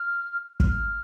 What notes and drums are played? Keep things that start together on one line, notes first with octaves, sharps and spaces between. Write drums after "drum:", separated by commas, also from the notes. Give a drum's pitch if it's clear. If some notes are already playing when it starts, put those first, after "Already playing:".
Already playing: F6
F6, drum: kick